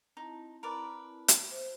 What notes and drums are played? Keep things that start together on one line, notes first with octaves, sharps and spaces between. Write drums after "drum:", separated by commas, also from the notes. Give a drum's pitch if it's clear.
C4 D#4 E4 A5
A#4 B4 D5
drum: hi-hat
C5